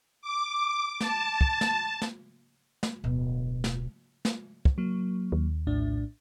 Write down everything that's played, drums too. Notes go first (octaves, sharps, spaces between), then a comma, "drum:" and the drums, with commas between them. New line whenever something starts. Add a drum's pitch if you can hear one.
D6
A5, drum: snare
drum: kick
drum: snare
drum: snare
drum: snare
D1 B2
drum: snare
drum: snare
drum: kick
F#3 A#3
D#2
A#1 A2 D4